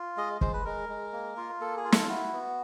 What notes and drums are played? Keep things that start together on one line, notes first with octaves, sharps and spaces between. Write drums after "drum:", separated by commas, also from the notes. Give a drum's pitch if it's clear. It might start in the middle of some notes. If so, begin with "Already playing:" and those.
Already playing: F4
G#3 D#5
G#3 C5, drum: kick
B4
G#3 A#4
G#3
A#3
F4
A#3 A4
G#4
F4
A4, drum: snare
E4 F#4
B3